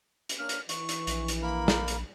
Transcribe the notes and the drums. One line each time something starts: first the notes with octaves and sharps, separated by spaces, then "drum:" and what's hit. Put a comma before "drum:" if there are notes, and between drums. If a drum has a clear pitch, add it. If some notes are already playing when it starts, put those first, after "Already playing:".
drum: hi-hat
A#3 C#4 D4 F6
drum: hi-hat
E3 C#6, drum: hi-hat
drum: hi-hat
A#1, drum: hi-hat
drum: hi-hat
A#3 A#4 B5
drum: snare
drum: hi-hat